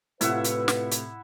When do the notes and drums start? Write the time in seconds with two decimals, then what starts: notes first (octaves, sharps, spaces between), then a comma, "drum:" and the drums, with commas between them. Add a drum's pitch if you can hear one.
0.21 A2 C3 E4 F4 B4 E5 F#5, drum: hi-hat
0.44 drum: hi-hat
0.68 drum: snare
0.91 drum: hi-hat